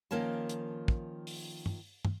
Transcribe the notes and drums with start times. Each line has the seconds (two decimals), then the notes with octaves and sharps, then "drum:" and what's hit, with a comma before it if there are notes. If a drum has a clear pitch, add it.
0.11 D#3 F3 A#3 C#4 A5
0.49 drum: hi-hat
0.88 drum: kick
1.27 drum: open hi-hat
1.66 drum: tom
2.05 drum: tom